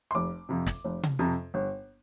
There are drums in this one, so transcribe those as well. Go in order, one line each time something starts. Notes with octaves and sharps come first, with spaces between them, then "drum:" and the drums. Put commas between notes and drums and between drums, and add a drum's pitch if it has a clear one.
C6
F1 D6
F2 C3
drum: snare
F1
drum: tom C3
F2 C3
G1